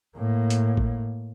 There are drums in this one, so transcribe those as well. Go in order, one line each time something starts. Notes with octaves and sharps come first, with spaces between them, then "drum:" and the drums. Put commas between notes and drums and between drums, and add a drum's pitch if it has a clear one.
A2 A#3
drum: hi-hat
drum: kick